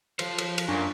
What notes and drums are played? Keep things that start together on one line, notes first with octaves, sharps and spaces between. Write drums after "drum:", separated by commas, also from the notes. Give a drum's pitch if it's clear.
F3 C5, drum: cymbal
drum: cymbal
drum: cymbal
F#2 A#2 D4 G#5 C#6